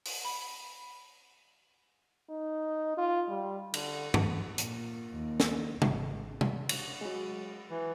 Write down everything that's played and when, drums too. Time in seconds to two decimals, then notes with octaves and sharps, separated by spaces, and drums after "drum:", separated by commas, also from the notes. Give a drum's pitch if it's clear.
0.05 drum: open hi-hat
0.25 B5
2.30 D#4
2.98 F4
3.29 G3
3.74 D3, drum: cymbal
4.14 drum: tom
4.58 A#2, drum: hi-hat
5.13 D#2
5.40 drum: snare
5.82 G#1, drum: tom
6.41 drum: tom
6.69 drum: cymbal
7.01 F#3 G#3
7.70 E3